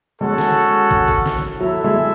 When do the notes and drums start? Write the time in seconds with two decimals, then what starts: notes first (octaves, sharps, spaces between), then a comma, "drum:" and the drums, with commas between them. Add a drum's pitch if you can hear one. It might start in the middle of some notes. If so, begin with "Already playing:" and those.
0.21 G#3 C#4 F#4 A4
0.38 drum: snare
0.91 drum: kick
1.08 drum: kick
1.26 drum: snare
1.61 F#3 E4 A4 E5
1.84 G#3